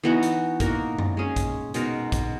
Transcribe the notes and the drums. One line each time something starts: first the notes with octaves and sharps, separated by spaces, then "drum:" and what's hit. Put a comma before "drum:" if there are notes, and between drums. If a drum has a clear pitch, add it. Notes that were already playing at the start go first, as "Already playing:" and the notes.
E3 B3 D#4 F#4
drum: hi-hat
A#3 D#4 F#4 A#4, drum: kick A1, hi-hat
drum: tom F#2
G#3 C#4 G#4
drum: kick A1, hi-hat
B2 G#3 D#4 A#4, drum: hi-hat
drum: kick A1, hi-hat